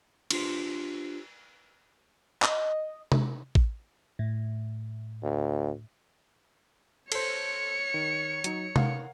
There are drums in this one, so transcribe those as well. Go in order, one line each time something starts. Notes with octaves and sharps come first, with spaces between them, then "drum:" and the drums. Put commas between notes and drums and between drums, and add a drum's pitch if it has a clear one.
D4 F4 G4 C5, drum: cymbal
D#5, drum: clap
drum: tom C3
drum: kick A1
A2
D2
A4 C5 C#5 C#7, drum: cymbal
D#3
F#3 D#4, drum: hi-hat
A#4 F5 F#5, drum: tom C3